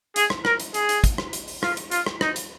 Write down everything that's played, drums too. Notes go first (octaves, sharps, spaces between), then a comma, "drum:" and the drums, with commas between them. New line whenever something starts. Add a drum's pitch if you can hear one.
G#4, drum: hi-hat
drum: rim click
A#4, drum: rim click
drum: hi-hat
G#4, drum: hi-hat
drum: hi-hat
drum: kick, hi-hat
drum: rim click
drum: hi-hat
drum: open hi-hat
F4, drum: rim click
drum: hi-hat
F4, drum: hi-hat
drum: rim click
D#4, drum: rim click
drum: hi-hat